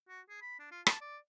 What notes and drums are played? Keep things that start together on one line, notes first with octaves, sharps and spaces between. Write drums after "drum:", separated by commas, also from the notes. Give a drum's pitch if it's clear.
F#4
G#4
B5
D4
F4
A5, drum: rim click
D5